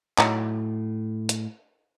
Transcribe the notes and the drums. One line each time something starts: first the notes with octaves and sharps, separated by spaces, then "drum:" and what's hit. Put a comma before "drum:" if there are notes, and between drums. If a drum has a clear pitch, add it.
A2 F#3 D#4, drum: clap
drum: hi-hat